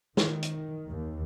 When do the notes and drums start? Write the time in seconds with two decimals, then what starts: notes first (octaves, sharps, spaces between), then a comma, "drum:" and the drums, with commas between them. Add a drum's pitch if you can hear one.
0.17 D#3, drum: snare
0.43 drum: hi-hat
0.90 D#2